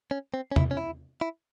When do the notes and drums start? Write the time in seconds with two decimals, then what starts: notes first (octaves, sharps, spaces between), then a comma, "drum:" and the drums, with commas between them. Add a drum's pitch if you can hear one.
0.11 C#4
0.34 C4
0.52 C#4
0.56 E4, drum: tom
0.71 C#4
0.77 E4
1.21 E4